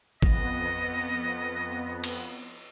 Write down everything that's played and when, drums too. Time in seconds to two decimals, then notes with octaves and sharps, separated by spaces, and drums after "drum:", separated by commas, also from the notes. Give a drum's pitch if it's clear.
0.22 F2 B3 D#5, drum: kick A1
2.04 drum: cymbal